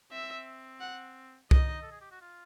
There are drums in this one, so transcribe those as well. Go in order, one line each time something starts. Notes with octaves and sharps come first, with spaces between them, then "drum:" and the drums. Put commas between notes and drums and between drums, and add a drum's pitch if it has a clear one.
C4 E5
F#5
D#4 D#5, drum: kick C2
A4
G#4
G4
F#4
F4